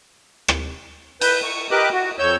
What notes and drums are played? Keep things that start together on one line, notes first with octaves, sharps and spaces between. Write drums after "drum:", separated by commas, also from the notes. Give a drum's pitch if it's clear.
drum: rim click
B4 G6, drum: cymbal
C#6
G4 A#4 B4 D#5 D6 F#6
F#4
F2 C#5 E6 G6